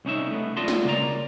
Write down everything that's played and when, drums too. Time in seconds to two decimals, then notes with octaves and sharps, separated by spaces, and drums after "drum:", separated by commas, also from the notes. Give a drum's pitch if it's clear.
0.05 C2 C#4 D#4 E5
0.31 A3 B3
0.57 F4 D5 D#5 A5 C6
0.68 drum: snare
0.84 C#3 A#3 D5 A#5